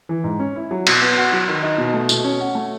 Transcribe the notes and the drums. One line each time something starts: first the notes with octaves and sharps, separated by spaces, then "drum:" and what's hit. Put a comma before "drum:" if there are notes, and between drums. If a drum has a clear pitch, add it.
E3
G#2
C#4
E4
F#3
B2, drum: cymbal
B3
F#4
F#3
D#3
D#4
B2
A3
B2, drum: tambourine
C#4
F#4
A3